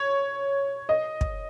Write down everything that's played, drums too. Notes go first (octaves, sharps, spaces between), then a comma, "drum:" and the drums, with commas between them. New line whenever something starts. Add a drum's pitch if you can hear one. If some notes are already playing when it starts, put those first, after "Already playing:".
Already playing: C#5
D#5
drum: kick